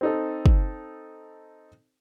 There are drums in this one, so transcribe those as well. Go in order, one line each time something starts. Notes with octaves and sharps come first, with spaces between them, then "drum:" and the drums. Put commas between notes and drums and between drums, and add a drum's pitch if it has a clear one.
C4 D#4 A4
drum: kick